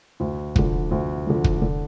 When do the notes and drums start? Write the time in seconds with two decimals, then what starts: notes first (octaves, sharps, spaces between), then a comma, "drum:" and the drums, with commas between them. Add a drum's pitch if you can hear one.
0.20 D2
0.56 D3 F3, drum: kick
0.91 D2
1.27 D3 F3
1.44 drum: kick
1.61 D3